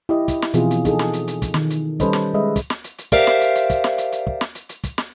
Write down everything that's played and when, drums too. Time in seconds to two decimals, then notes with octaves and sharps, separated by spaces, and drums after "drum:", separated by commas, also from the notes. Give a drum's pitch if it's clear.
0.09 E4 G4 D#5
0.28 drum: kick, hi-hat
0.42 drum: snare
0.54 B2 E3 F3 C4 F4 G#4, drum: hi-hat
0.71 drum: hi-hat
0.85 D#4 G#4 A4, drum: kick, hi-hat
0.99 drum: snare
1.13 drum: hi-hat
1.28 drum: hi-hat
1.42 drum: kick, hi-hat
1.54 D#3, drum: snare
1.70 drum: hi-hat
2.00 G3 C#4 A4 B4 C5 D#5, drum: kick, hi-hat
2.13 drum: snare
2.34 G#3 B4 D#5 E5
2.56 drum: kick, hi-hat
2.70 drum: snare
2.84 drum: hi-hat
2.99 drum: hi-hat
3.12 G4 A#4 C5 D5 E5 F5, drum: kick, hi-hat
3.27 drum: snare
3.41 drum: hi-hat
3.55 drum: hi-hat
3.70 drum: kick, hi-hat
3.84 drum: snare
3.98 drum: hi-hat
4.12 drum: hi-hat
4.27 drum: kick
4.41 drum: snare
4.55 drum: hi-hat
4.69 drum: hi-hat
4.84 drum: kick, hi-hat
4.98 drum: snare